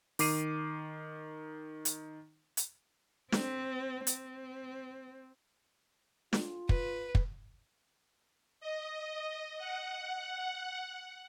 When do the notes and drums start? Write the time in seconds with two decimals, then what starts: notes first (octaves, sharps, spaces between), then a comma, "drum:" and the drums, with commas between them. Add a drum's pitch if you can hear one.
0.19 D#3 D6 C7 D#7, drum: open hi-hat
1.85 drum: hi-hat
2.57 drum: hi-hat
3.32 C4, drum: snare
4.07 C4, drum: hi-hat
6.33 F4, drum: snare
6.69 B4, drum: kick
7.15 drum: kick
8.60 D#5
9.57 F#5